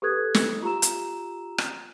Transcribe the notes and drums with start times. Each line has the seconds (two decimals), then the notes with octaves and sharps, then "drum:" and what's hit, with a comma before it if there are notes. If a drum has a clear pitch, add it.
0.02 G4 A4 B4 D#6 F#6 G#6
0.34 drum: snare
0.62 F4 G4 A#5 E6 E7
0.82 drum: hi-hat
1.58 drum: rim click